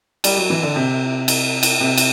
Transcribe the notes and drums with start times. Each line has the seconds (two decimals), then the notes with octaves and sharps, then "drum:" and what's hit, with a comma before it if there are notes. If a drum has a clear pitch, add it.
0.24 G3, drum: cymbal
0.37 F#3
0.50 E3
0.63 D3
0.76 C3
1.28 drum: cymbal
1.63 drum: cymbal
1.80 C3
1.98 drum: cymbal